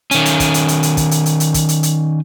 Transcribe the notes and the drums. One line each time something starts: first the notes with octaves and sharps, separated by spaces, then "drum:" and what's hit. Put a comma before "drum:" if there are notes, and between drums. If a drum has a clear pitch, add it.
D#3 C#4, drum: hi-hat
drum: hi-hat
drum: kick, hi-hat
drum: hi-hat
drum: hi-hat
drum: hi-hat
drum: kick, hi-hat
drum: hi-hat
drum: hi-hat
drum: hi-hat
drum: kick, hi-hat
drum: hi-hat
drum: hi-hat